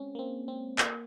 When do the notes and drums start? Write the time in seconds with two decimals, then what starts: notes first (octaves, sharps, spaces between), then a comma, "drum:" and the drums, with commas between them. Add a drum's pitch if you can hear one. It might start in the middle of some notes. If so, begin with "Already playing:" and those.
Already playing: G#3 C4 C#4
0.15 A#3
0.19 C4
0.48 C4
0.78 A#3, drum: clap